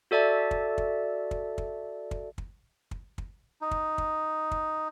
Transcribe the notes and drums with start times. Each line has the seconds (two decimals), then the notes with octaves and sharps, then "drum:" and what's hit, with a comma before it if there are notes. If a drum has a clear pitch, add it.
0.11 F#4 A4 D5 E5 A5
0.51 drum: kick
0.78 drum: kick
1.31 drum: kick
1.58 drum: kick
2.11 drum: kick
2.38 drum: kick
2.91 drum: kick
3.18 drum: kick
3.61 D#4
3.71 drum: kick
3.98 drum: kick
4.51 drum: kick